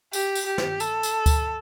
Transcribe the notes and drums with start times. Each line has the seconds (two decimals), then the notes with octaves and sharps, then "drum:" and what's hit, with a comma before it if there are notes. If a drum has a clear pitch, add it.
0.13 G4, drum: tambourine
0.35 drum: tambourine
0.46 G4
0.58 drum: snare
0.80 A4, drum: tambourine
1.03 drum: tambourine
1.26 drum: kick D2, tambourine